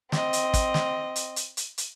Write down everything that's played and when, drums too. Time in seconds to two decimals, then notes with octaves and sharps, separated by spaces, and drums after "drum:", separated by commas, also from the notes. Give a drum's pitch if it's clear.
0.12 C4 D#5, drum: snare
0.33 drum: hi-hat
0.54 drum: kick, hi-hat
0.74 drum: snare
1.16 drum: hi-hat
1.36 drum: hi-hat
1.57 drum: hi-hat
1.78 drum: hi-hat